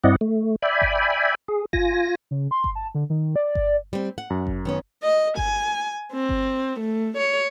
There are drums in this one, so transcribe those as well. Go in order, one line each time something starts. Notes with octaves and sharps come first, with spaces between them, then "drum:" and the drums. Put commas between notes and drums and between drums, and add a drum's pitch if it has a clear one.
G2 C4 E4 D5 D#5 F#5
A3
D5 E5 G5 G#5 B5
drum: kick G1
G#4
F4 G#5 A#6, drum: kick G1
C#3
C6
drum: kick G1
A5
D3
D#3
D5
drum: kick G1
G3 C4
F#5
F#2
drum: kick G1
D#3 B3 C#4
D#5
G#5, drum: kick G1
C4
drum: kick G1
A3
C#5